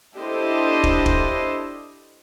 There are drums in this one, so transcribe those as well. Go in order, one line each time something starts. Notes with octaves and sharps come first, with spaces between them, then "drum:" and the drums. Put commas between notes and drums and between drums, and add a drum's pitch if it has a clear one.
D4 E4 G4 A4 C5 D#5
drum: kick
drum: kick